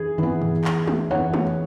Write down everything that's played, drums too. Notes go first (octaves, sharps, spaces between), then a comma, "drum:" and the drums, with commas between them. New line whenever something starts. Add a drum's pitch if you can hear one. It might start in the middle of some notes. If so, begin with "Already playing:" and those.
Already playing: E3 G#4
E3
B3
drum: tom G2
drum: clap
drum: tom
E3 B3 C#5 F#5
drum: tom